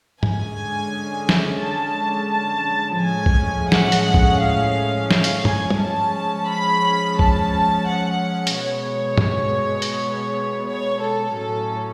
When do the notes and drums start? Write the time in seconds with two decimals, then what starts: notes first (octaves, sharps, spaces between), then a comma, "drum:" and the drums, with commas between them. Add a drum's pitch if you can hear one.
0.23 D3 G#3 C#4 G#5, drum: tom G#2
1.29 drum: snare
1.62 A5
2.32 A5
3.01 A2 F3 G#3 C#4 G#5
3.26 drum: kick A#1
3.72 F#5, drum: snare
3.92 drum: hi-hat
4.14 drum: kick A#1
4.41 F5
5.11 F5, drum: snare
5.24 drum: hi-hat
5.45 G#5, drum: tom
5.70 drum: tom
5.80 F3 G#3 C#4 A5
6.50 B5
7.19 A5, drum: kick A#1
7.89 F#5
8.47 drum: hi-hat
8.58 B2 G#3 B3 C#5
9.18 drum: tom
9.82 drum: hi-hat
10.68 C#5
11.03 A4
11.37 A2 F#3 C#4 A4